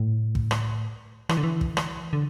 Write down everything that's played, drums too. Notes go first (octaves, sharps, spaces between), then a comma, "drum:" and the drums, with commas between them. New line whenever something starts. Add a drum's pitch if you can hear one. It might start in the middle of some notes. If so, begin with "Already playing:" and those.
Already playing: A2
drum: kick
drum: rim click
E3, drum: rim click
D3
E3
drum: kick
drum: rim click
D3